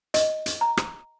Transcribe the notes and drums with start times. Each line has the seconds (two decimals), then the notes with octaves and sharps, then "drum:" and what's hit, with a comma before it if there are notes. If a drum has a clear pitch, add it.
0.14 D#5, drum: hi-hat
0.46 drum: hi-hat
0.61 A#5
0.77 drum: rim click